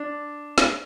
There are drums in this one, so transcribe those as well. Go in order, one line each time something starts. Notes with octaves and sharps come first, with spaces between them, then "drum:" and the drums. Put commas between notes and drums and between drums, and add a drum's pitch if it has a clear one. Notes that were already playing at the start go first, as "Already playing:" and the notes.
Already playing: D4
drum: snare